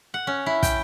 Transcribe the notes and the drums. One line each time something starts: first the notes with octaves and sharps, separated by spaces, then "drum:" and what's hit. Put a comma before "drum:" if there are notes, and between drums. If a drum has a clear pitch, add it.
F#5
C#4
E4
G5, drum: kick, hi-hat